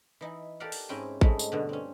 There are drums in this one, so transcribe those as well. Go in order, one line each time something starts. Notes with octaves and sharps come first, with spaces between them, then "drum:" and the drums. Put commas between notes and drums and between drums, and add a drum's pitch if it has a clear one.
E3 D#4 E4
G4 A4 A#4 D5 F5 F#5
drum: open hi-hat
G#2 C4 C#4 E4 G5 G#5
G#2 G#3 A3 D#4 E4, drum: kick A1
drum: tambourine
G2 B2 D3
C4 C#4